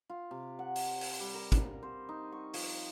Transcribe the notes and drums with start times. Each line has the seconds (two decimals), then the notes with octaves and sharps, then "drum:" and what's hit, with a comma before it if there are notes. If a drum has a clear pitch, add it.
0.09 F4
0.31 C3
0.59 F#5
0.76 drum: open hi-hat
1.01 drum: open hi-hat
1.20 G3
1.34 A#4
1.52 drum: kick, hi-hat
1.83 C5
2.09 D#4
2.32 C#6
2.54 F3, drum: open hi-hat